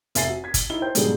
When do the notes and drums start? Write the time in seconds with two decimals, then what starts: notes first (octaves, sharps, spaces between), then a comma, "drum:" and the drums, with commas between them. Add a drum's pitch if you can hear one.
0.15 F1 E5 G#5 A6 C7 D#7, drum: hi-hat
0.29 F#4
0.44 G#6 B6
0.54 drum: kick, hi-hat
0.70 D#4 E4 G7
0.82 C5 G5 G6
0.95 G#2 B2 D3 F#3 G3 G#4, drum: hi-hat